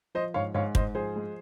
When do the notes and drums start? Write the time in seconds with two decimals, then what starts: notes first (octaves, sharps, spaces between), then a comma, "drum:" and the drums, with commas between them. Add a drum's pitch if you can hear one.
0.15 F3 C5 D#5
0.34 G#2 C#5 F5
0.54 G#2 C#5 F5
0.75 G#2 C5 D#5, drum: kick
0.95 F3 G#4 C5
1.16 G#3